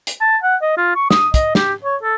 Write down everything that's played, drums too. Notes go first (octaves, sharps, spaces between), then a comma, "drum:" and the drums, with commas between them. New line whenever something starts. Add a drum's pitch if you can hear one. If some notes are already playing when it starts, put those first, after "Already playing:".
drum: hi-hat
A5
F#5
D#5
F4
C#6
D#6, drum: snare
D#5, drum: kick, hi-hat
G4, drum: snare
C#5
A4